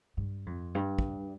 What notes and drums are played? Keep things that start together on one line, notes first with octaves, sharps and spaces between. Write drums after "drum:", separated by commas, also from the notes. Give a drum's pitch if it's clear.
G2
F2
G2
drum: kick